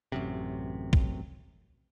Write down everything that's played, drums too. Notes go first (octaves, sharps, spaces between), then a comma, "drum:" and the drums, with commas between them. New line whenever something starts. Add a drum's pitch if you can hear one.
A1 F#2 C3
drum: kick